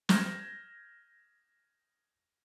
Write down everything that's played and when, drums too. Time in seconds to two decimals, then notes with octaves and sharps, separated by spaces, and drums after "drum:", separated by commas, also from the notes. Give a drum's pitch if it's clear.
0.09 F6 G6 G#6 A#6 E7, drum: snare